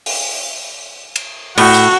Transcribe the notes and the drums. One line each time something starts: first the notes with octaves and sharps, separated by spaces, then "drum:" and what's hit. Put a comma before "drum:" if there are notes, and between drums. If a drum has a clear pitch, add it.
drum: open hi-hat
drum: cymbal
A2 F#4, drum: cymbal
drum: tambourine